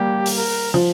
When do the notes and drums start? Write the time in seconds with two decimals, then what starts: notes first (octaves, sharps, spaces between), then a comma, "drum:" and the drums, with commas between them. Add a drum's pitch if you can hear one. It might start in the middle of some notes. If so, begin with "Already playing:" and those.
Already playing: G3 A#3 G4
0.26 drum: open hi-hat
0.37 A#4
0.74 F3